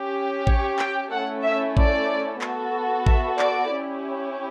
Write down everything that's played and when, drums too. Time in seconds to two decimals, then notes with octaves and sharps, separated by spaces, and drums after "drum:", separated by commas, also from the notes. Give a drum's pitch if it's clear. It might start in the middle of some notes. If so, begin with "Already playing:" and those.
Already playing: C#4 G4
0.47 C#5, drum: kick A1
0.79 G5, drum: clap
1.11 A3 C#4 E4 A4 F#5
1.44 E5
1.77 D5, drum: kick A1
2.41 B3 F#4 A4, drum: clap
3.06 E5, drum: kick A1
3.39 D5, drum: clap
3.73 C#4 E4 G4